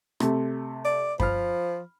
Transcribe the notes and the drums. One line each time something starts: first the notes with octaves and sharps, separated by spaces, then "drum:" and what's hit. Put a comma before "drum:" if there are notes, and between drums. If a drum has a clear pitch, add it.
C3 A3, drum: rim click
D5
F3 B5 F6, drum: kick F#2